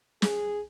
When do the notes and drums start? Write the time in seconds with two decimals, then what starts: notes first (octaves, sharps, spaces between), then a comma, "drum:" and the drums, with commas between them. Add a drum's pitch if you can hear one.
0.22 G#4, drum: snare